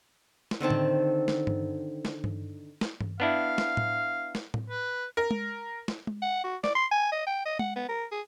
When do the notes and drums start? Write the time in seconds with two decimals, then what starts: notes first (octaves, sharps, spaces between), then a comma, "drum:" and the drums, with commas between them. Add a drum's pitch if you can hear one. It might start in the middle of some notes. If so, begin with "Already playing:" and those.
0.51 drum: snare
0.61 D3 D#3 C4 A5
0.70 drum: tom A2
1.28 drum: snare
1.47 drum: tom G2
2.05 drum: snare
2.24 drum: tom G2
2.81 drum: snare
3.01 drum: tom G2
3.20 B3 D4 E4 F5
3.58 drum: snare
3.77 drum: tom A2
4.35 drum: snare
4.54 drum: tom A2
4.70 B4
5.17 A#4
5.31 drum: tom G#3
5.88 drum: snare
6.07 drum: tom G#3
6.22 F#5
6.44 F#4
6.64 D5, drum: snare
6.75 C6
6.92 G#5
7.12 D#5
7.27 G5
7.46 D#5
7.59 F#5, drum: tom G#3
7.76 B3
7.89 A#4
8.12 G#4